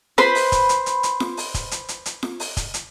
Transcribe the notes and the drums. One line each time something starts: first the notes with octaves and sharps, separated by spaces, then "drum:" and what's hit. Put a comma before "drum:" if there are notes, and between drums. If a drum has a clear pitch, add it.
B4 C5 B5 C6, drum: snare F4
drum: open hi-hat
drum: kick, hi-hat
drum: hi-hat
drum: hi-hat
drum: hi-hat
drum: snare F4
drum: open hi-hat
drum: kick, hi-hat
drum: hi-hat
drum: hi-hat
drum: hi-hat
drum: snare F4
drum: open hi-hat
drum: kick, hi-hat
drum: hi-hat